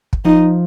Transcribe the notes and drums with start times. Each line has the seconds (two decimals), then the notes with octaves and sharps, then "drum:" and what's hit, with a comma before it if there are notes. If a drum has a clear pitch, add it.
0.13 drum: kick
0.25 F3 D#4